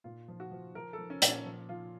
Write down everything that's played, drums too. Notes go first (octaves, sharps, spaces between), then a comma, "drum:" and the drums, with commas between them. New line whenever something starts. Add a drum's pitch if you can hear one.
A#2 F4
F3
F#4
F3
F3 A#4
A4
F3
C#4
A#2, drum: hi-hat
C#4
F3
F3 F4